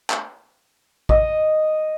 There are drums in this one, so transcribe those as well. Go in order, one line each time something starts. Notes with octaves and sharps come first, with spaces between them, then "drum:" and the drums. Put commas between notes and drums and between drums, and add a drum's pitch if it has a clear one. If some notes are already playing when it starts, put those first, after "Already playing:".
drum: clap
D#5, drum: kick A1